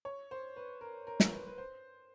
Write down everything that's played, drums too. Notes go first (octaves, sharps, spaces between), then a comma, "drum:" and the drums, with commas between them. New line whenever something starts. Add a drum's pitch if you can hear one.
C#5
C5
B4
A#4
A#4
drum: snare
B4
B4
C5